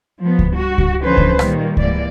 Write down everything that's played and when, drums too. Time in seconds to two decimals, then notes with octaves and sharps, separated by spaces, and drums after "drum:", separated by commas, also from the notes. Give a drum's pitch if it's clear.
0.19 F3 B3
0.39 drum: kick C#2
0.51 G2 F#4
0.78 drum: kick C#2
1.01 D3 E3 F3 C#4 B4 C5
1.17 drum: kick C#2
1.39 A#2 D#3 G3 A#3, drum: rim click
1.77 G#2 E3 A#3 D5, drum: kick C#2